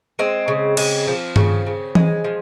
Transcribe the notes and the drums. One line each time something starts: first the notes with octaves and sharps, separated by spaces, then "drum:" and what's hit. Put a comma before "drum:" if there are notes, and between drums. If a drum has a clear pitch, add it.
G#3 C4
C#3
G#3, drum: cymbal
F3
C#3, drum: tom G2
C#3
G#3, drum: tom E3
F3